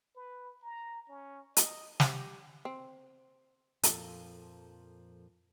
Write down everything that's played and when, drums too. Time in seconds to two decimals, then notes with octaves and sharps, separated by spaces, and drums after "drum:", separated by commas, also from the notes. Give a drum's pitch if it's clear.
0.16 B4
0.63 A#5
1.09 C#4
1.57 D#5, drum: hi-hat
2.00 G4, drum: snare
2.65 C4
3.83 F2 A#2 F3 A4 A5, drum: hi-hat